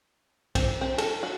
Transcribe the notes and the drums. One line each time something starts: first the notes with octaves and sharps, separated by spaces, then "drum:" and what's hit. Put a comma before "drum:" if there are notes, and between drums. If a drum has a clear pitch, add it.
C4, drum: kick, cymbal
C4
A4, drum: cymbal
F#4